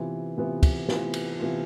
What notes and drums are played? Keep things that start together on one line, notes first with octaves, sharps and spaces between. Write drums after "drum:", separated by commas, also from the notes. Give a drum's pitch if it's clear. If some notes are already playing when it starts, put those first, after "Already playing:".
Already playing: C3 E3 B3 F4
C3 E3 B3 F4
drum: kick, cymbal
C3 E3 B3 F4, drum: snare
drum: cymbal
C3 E3 B3 F4